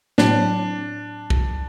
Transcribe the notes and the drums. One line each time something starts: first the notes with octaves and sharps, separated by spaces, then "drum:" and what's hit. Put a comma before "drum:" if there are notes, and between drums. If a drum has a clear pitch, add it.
A2 F#3 C4 D4, drum: snare
drum: kick